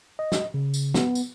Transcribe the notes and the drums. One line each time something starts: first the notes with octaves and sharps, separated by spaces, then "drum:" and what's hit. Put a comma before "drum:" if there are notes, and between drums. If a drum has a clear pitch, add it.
D#5
drum: snare
C#3
drum: tambourine
B3, drum: snare
drum: tambourine